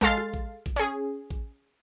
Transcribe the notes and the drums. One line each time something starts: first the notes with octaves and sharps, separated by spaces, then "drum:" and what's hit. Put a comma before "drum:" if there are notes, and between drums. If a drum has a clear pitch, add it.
G#3 A4 F5 C6 A6 C7, drum: kick A1
drum: rim click
drum: kick A1
drum: kick A1
C#4 G#4
drum: kick A1